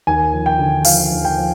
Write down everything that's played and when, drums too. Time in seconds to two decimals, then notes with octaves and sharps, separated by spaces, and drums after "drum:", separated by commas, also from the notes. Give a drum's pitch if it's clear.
0.07 D#2 G#5
0.33 F3
0.46 G5
0.59 D3
0.85 F3 F5, drum: open hi-hat
1.12 D#2
1.25 G5
1.37 F3